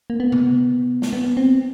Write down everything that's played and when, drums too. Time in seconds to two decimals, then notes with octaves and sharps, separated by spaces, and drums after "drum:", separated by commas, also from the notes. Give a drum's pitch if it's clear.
0.10 A#3
0.20 B3
0.32 drum: tom C3
1.02 drum: snare
1.13 B3
1.37 C4